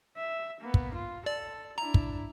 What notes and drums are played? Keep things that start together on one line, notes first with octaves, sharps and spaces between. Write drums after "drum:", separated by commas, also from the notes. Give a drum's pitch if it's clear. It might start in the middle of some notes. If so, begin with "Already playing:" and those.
E5
A#3 B3
drum: kick
F4
A4 D5
D4 E4 A#5
drum: kick